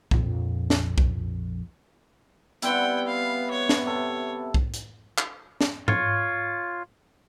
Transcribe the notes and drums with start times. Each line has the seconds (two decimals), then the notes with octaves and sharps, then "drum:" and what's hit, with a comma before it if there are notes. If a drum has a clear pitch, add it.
0.11 A#1 F2, drum: kick B1
0.70 drum: snare
0.98 drum: kick B1
2.62 G3 B3 C4 E4 F#5 G5, drum: hi-hat
3.07 F5
3.50 C#5
3.69 drum: snare
3.86 C3 A4 C#5
4.54 drum: kick B1
4.74 drum: hi-hat
5.18 drum: clap
5.61 drum: snare
5.88 F4 C#5, drum: tom G#2